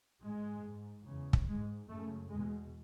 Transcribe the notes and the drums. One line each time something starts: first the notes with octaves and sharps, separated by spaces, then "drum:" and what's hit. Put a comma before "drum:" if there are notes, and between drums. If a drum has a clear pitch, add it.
G#2 G#3
G#2
E2 C#3
drum: kick
G#2 G#3
F#2 C#3 A3
E2 B2 G#3